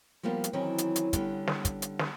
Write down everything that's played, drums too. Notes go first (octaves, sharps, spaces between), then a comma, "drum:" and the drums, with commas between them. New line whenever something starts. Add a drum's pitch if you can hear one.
F3 G3 A#3 B3 F4
drum: hi-hat
D#3 E3 F#3 C4 C#4
drum: hi-hat
drum: hi-hat
D3 G3 B3 C#4, drum: kick, hi-hat
drum: snare
drum: kick, hi-hat
drum: hi-hat
drum: snare